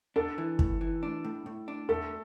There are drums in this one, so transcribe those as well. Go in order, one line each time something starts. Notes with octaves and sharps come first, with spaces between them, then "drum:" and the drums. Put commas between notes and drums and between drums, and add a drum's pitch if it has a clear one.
D4 A4
E3
A2, drum: kick
E3
D4
A2
A2
D4
A3 A4